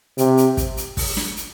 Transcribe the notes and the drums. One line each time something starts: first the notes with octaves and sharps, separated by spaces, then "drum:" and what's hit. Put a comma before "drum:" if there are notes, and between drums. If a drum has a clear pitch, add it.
C3, drum: hi-hat
drum: hi-hat
drum: kick, hi-hat
drum: hi-hat
drum: kick, open hi-hat
drum: snare
drum: hi-hat